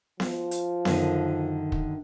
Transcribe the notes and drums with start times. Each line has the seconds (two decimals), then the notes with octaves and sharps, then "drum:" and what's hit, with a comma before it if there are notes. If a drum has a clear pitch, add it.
0.20 F3, drum: snare B3
0.51 drum: hi-hat
0.85 F#2 D3 D#3, drum: snare B3
1.72 drum: kick